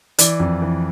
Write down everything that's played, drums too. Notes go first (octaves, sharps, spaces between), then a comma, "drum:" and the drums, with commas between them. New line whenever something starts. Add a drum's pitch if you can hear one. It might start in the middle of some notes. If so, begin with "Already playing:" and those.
E3 D5, drum: hi-hat
F2
E3